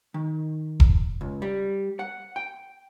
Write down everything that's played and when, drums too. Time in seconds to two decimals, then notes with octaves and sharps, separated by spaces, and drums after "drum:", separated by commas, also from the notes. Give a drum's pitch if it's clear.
0.14 D#3
0.80 drum: kick E1
1.21 C#2
1.42 G3
1.99 F#5
2.36 G5